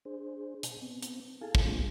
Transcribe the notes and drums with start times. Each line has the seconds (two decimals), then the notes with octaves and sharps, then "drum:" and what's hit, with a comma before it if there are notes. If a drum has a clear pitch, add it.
0.05 D4 G#4 C5
0.63 B2, drum: hi-hat
0.81 B3 C4
1.03 drum: hi-hat
1.41 E4 G#4 A4 F5 G#5 A5
1.55 drum: kick
1.65 G3 A3 A#3 C4 D4 F4